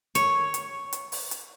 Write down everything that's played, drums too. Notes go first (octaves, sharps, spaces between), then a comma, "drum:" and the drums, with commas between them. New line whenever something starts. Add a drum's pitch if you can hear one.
C#5, drum: hi-hat
drum: hi-hat
drum: hi-hat
drum: open hi-hat
drum: hi-hat